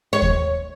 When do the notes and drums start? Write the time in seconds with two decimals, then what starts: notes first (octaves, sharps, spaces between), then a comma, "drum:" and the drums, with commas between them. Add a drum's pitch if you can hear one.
0.13 C#5
0.22 drum: kick D#2